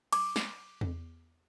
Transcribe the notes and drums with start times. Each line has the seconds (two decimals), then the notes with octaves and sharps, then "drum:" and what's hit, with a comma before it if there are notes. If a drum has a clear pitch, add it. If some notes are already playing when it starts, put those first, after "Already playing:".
0.13 D6, drum: cymbal
0.36 drum: snare
0.81 drum: tom E2